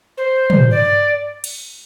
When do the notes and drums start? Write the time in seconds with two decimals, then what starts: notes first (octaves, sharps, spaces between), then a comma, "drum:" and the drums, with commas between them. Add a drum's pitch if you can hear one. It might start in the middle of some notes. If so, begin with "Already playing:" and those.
0.17 C5
0.50 drum: tom
0.70 D5
1.44 drum: cymbal